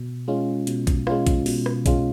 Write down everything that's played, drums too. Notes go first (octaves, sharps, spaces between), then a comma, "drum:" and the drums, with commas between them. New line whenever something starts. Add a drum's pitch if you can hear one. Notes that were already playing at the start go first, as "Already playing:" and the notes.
Already playing: B2
G#3 C#4 F4
B2, drum: hi-hat
drum: kick A#1, hi-hat
G#3 C#4 F4, drum: rim click
drum: kick A#1, hi-hat
B2, drum: open hi-hat
drum: rim click
G#3 C#4 F4, drum: kick A#1, hi-hat